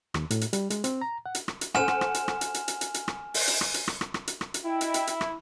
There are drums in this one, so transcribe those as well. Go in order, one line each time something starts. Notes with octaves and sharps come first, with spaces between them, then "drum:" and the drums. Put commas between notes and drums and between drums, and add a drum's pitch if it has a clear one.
D#2, drum: rim click
A2, drum: hi-hat
drum: hi-hat
G3, drum: hi-hat
G#3, drum: hi-hat
C4, drum: hi-hat
A#5
F#5
drum: hi-hat
drum: rim click
drum: hi-hat
A4 C5 F#5 G#5 F6 E7, drum: rim click
drum: rim click
drum: rim click
drum: hi-hat
drum: rim click
drum: hi-hat
drum: hi-hat
drum: hi-hat
drum: hi-hat
drum: hi-hat
drum: rim click
drum: open hi-hat
drum: hi-hat
drum: rim click
drum: hi-hat
drum: rim click
drum: rim click
drum: rim click
drum: hi-hat
drum: rim click
drum: hi-hat
E4 D#5 G5
drum: hi-hat
drum: hi-hat
drum: hi-hat
drum: rim click